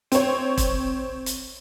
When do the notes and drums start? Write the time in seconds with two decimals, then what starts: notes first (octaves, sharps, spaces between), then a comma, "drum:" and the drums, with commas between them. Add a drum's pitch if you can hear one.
0.12 C4 C#5, drum: hi-hat
0.57 drum: kick E1, hi-hat
1.26 drum: hi-hat